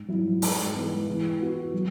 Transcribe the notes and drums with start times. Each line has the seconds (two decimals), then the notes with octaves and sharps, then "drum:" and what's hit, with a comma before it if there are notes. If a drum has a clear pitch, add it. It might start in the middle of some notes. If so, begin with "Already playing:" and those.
Already playing: G#2
0.08 F#3 E4
0.42 G#2, drum: open hi-hat
0.74 E3 G#3 B3
1.07 E3
1.40 B3 F#4
1.74 F#3